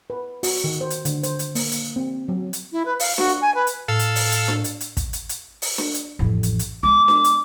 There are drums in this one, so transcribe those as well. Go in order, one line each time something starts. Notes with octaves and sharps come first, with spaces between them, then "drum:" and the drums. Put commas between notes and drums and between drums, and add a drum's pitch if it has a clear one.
B4
F#4, drum: open hi-hat
D#3
C5
drum: hi-hat
D3, drum: hi-hat
C5, drum: hi-hat
drum: hi-hat
A#3, drum: open hi-hat
drum: hi-hat
C4
F#3
drum: hi-hat
E4
B4
F5, drum: open hi-hat
F#4, drum: snare D4
G#5
B4
drum: hi-hat
A2 A4 F5 E6
drum: hi-hat
drum: open hi-hat
drum: hi-hat
drum: snare D4
drum: hi-hat
drum: hi-hat
drum: kick, hi-hat
drum: hi-hat
drum: hi-hat
drum: open hi-hat
drum: snare D4
drum: hi-hat
A1 F2
drum: hi-hat
drum: hi-hat
G#3 B3 D6
drum: snare D4
drum: hi-hat